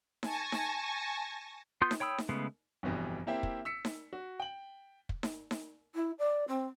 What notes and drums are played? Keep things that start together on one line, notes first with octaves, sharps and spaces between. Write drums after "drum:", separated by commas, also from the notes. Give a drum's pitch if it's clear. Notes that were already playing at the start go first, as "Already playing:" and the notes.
G#5 A5 C#6 A#6, drum: snare D#4
drum: snare D#4
B3 F4 C6 D#6 G6
drum: snare D#4
C#5 G5 B5 D#6 E6
drum: snare D#4
C#3 G#3 A3 B3
G1 F2 B2 E3 G3
A#3 C4 E4 G4 E5 G5
drum: kick
E6 B6 C#7
drum: snare D#4
F#4
G5 F#7
drum: kick
drum: snare D#4
drum: snare D#4
E4
D5
C4